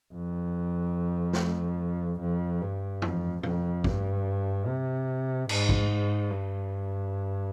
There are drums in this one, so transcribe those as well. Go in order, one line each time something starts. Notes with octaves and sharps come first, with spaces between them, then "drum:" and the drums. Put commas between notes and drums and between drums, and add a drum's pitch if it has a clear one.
F2
drum: snare
F2
G2
F2, drum: tom F#2
F2, drum: tom A#2
G2, drum: kick
C3
G#2, drum: cymbal
drum: kick
G2